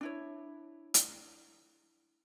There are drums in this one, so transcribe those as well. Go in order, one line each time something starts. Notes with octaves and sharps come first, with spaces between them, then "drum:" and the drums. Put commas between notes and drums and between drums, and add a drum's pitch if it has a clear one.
D4 E4 C#5
drum: hi-hat